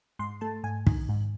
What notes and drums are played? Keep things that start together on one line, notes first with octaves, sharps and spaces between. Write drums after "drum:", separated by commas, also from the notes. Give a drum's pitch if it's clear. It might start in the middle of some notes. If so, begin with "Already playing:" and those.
G#2 C6
A3 A5
G#2 G#5
D#3, drum: kick
G#2